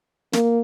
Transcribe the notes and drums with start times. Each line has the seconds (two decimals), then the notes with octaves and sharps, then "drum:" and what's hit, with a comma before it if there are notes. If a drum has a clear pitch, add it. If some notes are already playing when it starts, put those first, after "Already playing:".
0.33 A#3, drum: snare